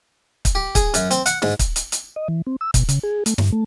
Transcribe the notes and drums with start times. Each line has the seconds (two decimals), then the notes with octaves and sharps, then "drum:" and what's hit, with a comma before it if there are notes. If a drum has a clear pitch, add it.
0.45 drum: kick, hi-hat
0.55 G4
0.75 G#4, drum: kick, hi-hat
0.94 F#2, drum: hi-hat
1.11 C4, drum: hi-hat
1.26 F#5, drum: hi-hat
1.42 G#2, drum: snare
1.59 drum: kick, hi-hat
1.76 drum: hi-hat
1.92 drum: hi-hat
2.16 D#5
2.28 E3
2.47 C4
2.61 E6
2.74 B2, drum: kick, hi-hat
2.89 C#3, drum: hi-hat
3.03 G#4
3.26 A3, drum: hi-hat
3.38 G2, drum: snare
3.52 A3